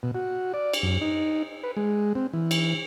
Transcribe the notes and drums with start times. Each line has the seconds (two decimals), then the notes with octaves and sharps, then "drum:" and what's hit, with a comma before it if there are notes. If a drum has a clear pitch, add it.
0.03 B2
0.15 F#4
0.54 D5
0.73 drum: cymbal
0.83 F#2
1.01 D#4
1.63 B4
1.77 G#3
2.15 C4
2.33 E3
2.51 drum: cymbal